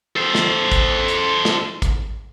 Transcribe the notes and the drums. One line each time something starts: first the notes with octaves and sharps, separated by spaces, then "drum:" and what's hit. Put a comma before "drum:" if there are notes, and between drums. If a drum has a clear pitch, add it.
A4 C5
drum: snare
drum: kick G#1, hi-hat
drum: hi-hat
drum: snare
drum: kick G#1, hi-hat